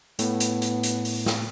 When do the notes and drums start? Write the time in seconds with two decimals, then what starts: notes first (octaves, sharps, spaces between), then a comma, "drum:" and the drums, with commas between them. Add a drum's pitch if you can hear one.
0.19 A2 B3, drum: hi-hat
0.40 drum: hi-hat
0.62 drum: hi-hat
0.83 drum: hi-hat
1.05 drum: open hi-hat
1.26 drum: snare